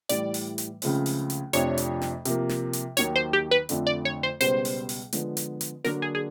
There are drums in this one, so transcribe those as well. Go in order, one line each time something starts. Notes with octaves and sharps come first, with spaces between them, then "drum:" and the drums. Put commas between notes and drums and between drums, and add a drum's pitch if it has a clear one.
A2 E3 G3 D5, drum: hi-hat
drum: open hi-hat
drum: hi-hat
C#2 C#3 F3 A3 C4, drum: open hi-hat
drum: open hi-hat
drum: hi-hat
F2 C3 F3 A3 D4 C#5, drum: hi-hat
drum: hi-hat
drum: snare
C3 F3 A#3, drum: hi-hat
drum: snare
drum: hi-hat
D#2 D#3 F#3 C#5, drum: hi-hat
C5
G4
B4
F2 D3 F3 A3 D4, drum: hi-hat
D5
C#5
C5
C#2 B2 G3 B3 C5, drum: hi-hat
drum: open hi-hat
drum: open hi-hat
D3 F3 G#3 B3, drum: hi-hat
drum: hi-hat
drum: hi-hat
D3 F#3 A#3 D4 A#4, drum: snare
G#4
G#4